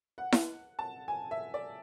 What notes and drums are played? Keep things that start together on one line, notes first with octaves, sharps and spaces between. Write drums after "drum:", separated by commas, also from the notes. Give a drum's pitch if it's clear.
F#5
drum: snare E4
A5
G#5
E5
D5